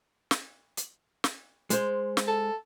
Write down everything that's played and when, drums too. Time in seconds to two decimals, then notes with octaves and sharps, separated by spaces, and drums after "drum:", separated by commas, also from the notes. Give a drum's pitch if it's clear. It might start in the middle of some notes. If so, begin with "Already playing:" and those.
0.31 drum: snare
0.77 drum: hi-hat
1.24 drum: snare
1.70 G#3 C5, drum: hi-hat
2.17 drum: snare
2.27 A4